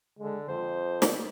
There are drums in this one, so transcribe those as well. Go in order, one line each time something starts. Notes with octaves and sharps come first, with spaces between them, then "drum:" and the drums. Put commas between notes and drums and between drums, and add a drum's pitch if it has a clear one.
D3 G#3
F2 C5
drum: snare